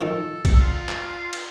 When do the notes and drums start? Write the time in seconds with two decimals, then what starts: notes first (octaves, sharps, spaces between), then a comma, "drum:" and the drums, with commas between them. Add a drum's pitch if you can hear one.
0.01 F#2 D#3 F3 A4
0.45 drum: kick, cymbal
0.59 F4
0.89 drum: clap
1.33 drum: cymbal